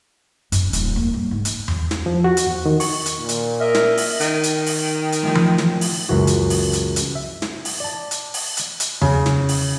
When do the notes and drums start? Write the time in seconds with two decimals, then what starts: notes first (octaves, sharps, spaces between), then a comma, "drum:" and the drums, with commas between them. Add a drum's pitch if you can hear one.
0.52 F#2, drum: hi-hat
0.73 D#1, drum: hi-hat
0.96 A#3
1.13 G2
1.31 G#2
1.45 drum: hi-hat
1.68 drum: tom E2
1.91 drum: snare
2.06 F3
2.24 F#4
2.37 drum: hi-hat
2.47 E2
2.66 D#3
2.80 C#6, drum: open hi-hat
3.06 drum: hi-hat
3.19 A#2
3.29 drum: hi-hat
3.60 A#4 D#5 E5
3.75 drum: snare
3.98 drum: open hi-hat
4.20 D#3, drum: hi-hat
4.43 drum: hi-hat
4.66 drum: open hi-hat
5.12 drum: hi-hat
5.23 F#2 A2 F3
5.35 drum: tom E3
5.58 drum: snare
5.81 drum: open hi-hat
6.09 C#2 F#2 E3 F#4
6.27 drum: hi-hat
6.50 drum: open hi-hat
6.73 drum: hi-hat
6.96 drum: hi-hat
7.15 E5
7.42 drum: snare
7.65 drum: open hi-hat
7.80 D5 A5
8.11 drum: hi-hat
8.34 drum: open hi-hat
8.57 drum: hi-hat
8.80 drum: hi-hat
9.01 C#3, drum: tom E2
9.26 drum: snare
9.49 drum: open hi-hat